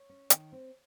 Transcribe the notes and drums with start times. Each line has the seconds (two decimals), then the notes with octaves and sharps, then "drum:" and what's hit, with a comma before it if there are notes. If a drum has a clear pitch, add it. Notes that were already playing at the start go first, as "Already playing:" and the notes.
Already playing: C#5
0.09 C#4
0.30 D#3, drum: hi-hat
0.52 C4